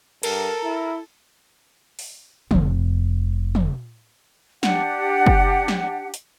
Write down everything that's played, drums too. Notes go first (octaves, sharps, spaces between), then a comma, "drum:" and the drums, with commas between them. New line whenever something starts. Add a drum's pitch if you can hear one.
G2 A4 A#4, drum: cymbal
E4
drum: open hi-hat
F1 F2, drum: tom
drum: tom
D4 G4 F#5, drum: snare
drum: kick
drum: snare
drum: hi-hat